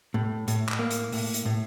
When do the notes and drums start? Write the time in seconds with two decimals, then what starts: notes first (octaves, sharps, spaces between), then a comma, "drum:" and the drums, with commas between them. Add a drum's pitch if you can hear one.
0.14 A2
0.48 A2, drum: hi-hat
0.69 drum: clap
0.79 A#3
0.91 drum: hi-hat
1.12 A2, drum: open hi-hat
1.34 drum: hi-hat
1.45 A2